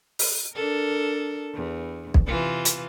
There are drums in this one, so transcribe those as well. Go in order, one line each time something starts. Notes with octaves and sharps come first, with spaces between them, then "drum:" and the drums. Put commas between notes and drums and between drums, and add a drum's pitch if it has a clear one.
drum: open hi-hat
D4 A4 A#4
E2
drum: kick B1
C3 E3 F4
drum: hi-hat